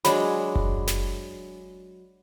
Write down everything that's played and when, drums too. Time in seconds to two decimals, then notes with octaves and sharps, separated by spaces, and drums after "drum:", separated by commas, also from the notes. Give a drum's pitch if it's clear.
0.05 F#3 G#3 D4 B5, drum: snare
0.55 drum: kick F#1
0.87 drum: snare